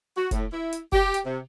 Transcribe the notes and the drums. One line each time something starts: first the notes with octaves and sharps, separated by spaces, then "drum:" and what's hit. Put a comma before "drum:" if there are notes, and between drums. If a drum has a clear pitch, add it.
F#4
A2, drum: kick, hi-hat
E4
drum: hi-hat
G4, drum: kick
drum: hi-hat
C3